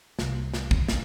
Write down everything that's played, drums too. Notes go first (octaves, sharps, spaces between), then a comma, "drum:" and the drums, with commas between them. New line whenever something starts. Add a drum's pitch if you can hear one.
C2, drum: snare
drum: snare
drum: kick
drum: snare